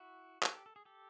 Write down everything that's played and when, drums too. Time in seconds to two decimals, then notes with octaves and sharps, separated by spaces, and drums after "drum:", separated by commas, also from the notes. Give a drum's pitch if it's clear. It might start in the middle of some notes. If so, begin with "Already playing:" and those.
Already playing: E4 F#4
0.43 G#4 A#4, drum: clap
0.54 G4 A4
0.66 A4
0.76 G#4
0.85 G4 A4